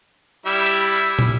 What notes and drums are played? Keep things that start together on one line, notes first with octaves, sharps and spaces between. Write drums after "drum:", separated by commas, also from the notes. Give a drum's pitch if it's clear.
G3 E4 E5
drum: hi-hat
drum: tom